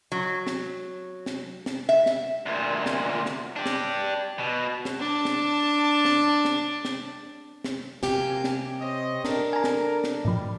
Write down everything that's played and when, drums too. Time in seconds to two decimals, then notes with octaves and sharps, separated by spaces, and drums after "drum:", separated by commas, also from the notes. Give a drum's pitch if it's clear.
0.12 F#3
0.47 drum: snare
1.26 drum: snare
1.66 drum: snare
1.89 E5
2.06 drum: snare
2.46 D2 A#2
2.86 drum: snare
3.26 drum: snare
3.56 D4 G4
3.66 drum: snare
4.39 B2
4.85 drum: snare
4.99 D4 A5
5.25 drum: snare
6.05 drum: snare
6.45 drum: snare
6.85 drum: snare
7.64 drum: snare
8.03 F#2 C3 A#3 G4 G#5, drum: snare
8.44 drum: snare
8.81 C5 C#5 D#5
9.25 D4 A4 A#4, drum: snare
9.53 G#5 A#5
9.64 drum: snare
10.04 drum: snare
10.25 A2 F3 G3